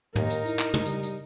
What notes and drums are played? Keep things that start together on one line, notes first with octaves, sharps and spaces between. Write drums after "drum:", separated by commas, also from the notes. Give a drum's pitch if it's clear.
D#2 D#4 A#4, drum: tom
drum: hi-hat
E4, drum: hi-hat
drum: clap
drum: tom
G3, drum: hi-hat
drum: hi-hat